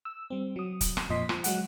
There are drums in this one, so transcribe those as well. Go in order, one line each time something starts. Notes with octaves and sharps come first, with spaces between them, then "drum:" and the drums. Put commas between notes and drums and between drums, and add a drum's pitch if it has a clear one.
E6
G3 C4
F#3 D#6
drum: kick, hi-hat
drum: rim click
F2 A#2 F3 D#5 C6 B6
F3, drum: rim click
F#3 G#3 F#5, drum: hi-hat